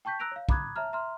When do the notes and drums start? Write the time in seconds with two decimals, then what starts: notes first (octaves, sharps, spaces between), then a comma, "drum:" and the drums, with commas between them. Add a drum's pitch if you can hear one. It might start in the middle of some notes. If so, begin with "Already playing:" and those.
0.05 G5 A5 C#6 G6 B6
0.19 A#5 E6 F#6 A#6 D7 F7
0.31 C#5 F5
0.49 A#5 B5 D6 D#6 F#6 G#6, drum: kick
0.76 C#5 E5 A5 A#5 F6
0.93 E5 A#5 C6 F6